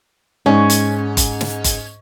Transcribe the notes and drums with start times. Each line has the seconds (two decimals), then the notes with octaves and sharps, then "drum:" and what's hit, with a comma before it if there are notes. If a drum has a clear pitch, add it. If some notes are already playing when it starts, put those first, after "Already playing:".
0.46 G#2 C#4
0.70 drum: hi-hat
1.17 drum: kick F#1, hi-hat
1.41 drum: snare
1.64 drum: kick F#1, hi-hat